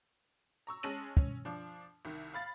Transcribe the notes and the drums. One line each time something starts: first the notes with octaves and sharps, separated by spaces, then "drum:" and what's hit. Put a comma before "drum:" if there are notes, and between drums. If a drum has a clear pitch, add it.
A#5 C#6 E6
G#3 C#4 A5 A#6 D#7 F#7
C#4, drum: kick
F3 D4
C2 D#3
F5 B5 A6